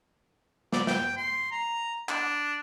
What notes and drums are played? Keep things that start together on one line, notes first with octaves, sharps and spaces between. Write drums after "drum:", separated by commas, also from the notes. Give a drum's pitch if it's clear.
D5, drum: snare
G5, drum: snare
C6
A#5
D4, drum: clap